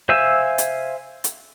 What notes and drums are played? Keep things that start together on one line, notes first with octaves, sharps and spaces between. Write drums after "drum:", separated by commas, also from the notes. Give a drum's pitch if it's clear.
C5 E5 F5 G#5 E6
drum: hi-hat
drum: hi-hat